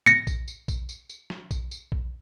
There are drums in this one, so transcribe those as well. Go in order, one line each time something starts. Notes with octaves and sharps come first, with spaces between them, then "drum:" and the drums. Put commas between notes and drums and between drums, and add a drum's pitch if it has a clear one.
A#6 C#7, drum: tom A2
drum: kick A#1, tambourine
drum: tambourine
drum: kick A#1, tambourine
drum: tambourine
drum: tambourine
drum: snare
drum: kick A#1, tambourine
drum: tambourine
drum: kick A#1